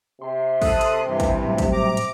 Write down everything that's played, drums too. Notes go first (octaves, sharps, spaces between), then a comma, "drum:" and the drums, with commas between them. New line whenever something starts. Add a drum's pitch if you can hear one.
C3 C6
A4 D#6 F#6, drum: kick, open hi-hat
drum: hi-hat
G2 E3
drum: kick, hi-hat
A2 F#3 G3
drum: kick, hi-hat
A#5 D6
drum: hi-hat